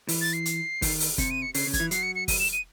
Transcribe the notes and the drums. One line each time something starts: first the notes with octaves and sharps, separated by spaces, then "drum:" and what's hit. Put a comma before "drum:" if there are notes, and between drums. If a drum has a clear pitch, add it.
E3, drum: open hi-hat
A6
C7
drum: hi-hat
D#3, drum: kick, open hi-hat
drum: open hi-hat
C3 C#7, drum: kick, hi-hat
D#7
C#7
C#3 C7, drum: open hi-hat
C#3
G#6, drum: kick, hi-hat
E3
F#3 C7, drum: hi-hat
C#7
C#7
D#7, drum: kick, open hi-hat
E7
D#7